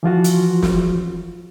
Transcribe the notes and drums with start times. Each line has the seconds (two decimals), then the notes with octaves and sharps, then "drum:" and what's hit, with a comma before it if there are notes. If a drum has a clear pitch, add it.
0.03 E3 F3 F4 F#4
0.24 drum: hi-hat
0.63 drum: snare